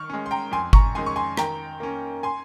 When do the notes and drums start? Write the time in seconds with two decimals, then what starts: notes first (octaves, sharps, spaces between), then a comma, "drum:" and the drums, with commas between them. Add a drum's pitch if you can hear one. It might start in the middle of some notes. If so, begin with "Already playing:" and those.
Already playing: D#3 C#6 F6
0.10 G#3 C#4
0.26 C6
0.31 G5 A#5
0.52 F2 G#5 C6
0.73 A#5 C#6, drum: kick G1
0.95 D#3 G#3 C#4 G#5 C6
1.06 C#6
1.16 G#5 C6
1.37 D#3 G5 A#5, drum: rim click
1.80 A#3 C#4
2.23 G#5 C6